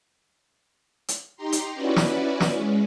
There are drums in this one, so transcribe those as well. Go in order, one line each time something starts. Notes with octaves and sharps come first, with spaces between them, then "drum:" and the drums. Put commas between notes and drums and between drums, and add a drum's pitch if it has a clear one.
drum: hi-hat
D#4 G4 A#5 C6
drum: hi-hat
C#4 E4 F#4 B4 D5
drum: snare
drum: snare
G#3 C#4